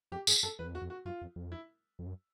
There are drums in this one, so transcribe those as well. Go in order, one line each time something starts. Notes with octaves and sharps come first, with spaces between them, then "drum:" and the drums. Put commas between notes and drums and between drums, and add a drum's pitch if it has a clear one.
F2 G4
G2 G#4, drum: tambourine
F#2 A4
E2 B4
F2
E2 F#4
F2
F#4
F#2 F4
F2
F2
E4
F2
F#2